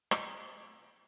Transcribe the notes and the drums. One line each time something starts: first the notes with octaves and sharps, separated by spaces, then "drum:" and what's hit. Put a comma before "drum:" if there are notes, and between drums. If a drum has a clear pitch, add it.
B2 A3 C4, drum: rim click